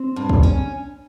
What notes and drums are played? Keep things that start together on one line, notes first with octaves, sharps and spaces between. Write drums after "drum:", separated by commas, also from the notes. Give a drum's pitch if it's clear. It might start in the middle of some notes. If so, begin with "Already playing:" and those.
Already playing: C4
G2
drum: kick
C#4